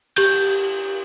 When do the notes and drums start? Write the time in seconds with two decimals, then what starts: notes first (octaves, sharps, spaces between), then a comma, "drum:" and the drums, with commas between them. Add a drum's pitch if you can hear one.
0.16 G4 G6, drum: cymbal